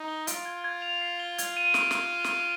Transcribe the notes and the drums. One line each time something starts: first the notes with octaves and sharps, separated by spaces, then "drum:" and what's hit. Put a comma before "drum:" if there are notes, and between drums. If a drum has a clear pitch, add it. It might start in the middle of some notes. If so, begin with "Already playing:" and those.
Already playing: D#4
G7
F4 D7, drum: hi-hat
G#6
G#6
F7
C7
G7
G#6, drum: hi-hat
D#7
D7, drum: snare
drum: snare
drum: snare